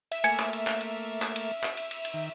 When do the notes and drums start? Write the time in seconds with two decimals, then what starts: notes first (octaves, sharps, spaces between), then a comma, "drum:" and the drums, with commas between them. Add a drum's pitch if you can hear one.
0.11 E5, drum: cymbal
0.24 A3 A#3 G#5 G#6 C#7, drum: cymbal
0.39 drum: clap
0.53 drum: cymbal
0.67 drum: clap
0.80 drum: cymbal
1.22 drum: clap
1.36 drum: cymbal
1.63 drum: clap
1.77 drum: cymbal
1.91 drum: cymbal
2.05 drum: cymbal
2.14 D#3